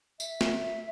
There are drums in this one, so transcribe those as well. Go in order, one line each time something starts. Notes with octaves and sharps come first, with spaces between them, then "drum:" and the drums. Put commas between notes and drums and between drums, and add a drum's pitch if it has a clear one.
E5, drum: tambourine
drum: snare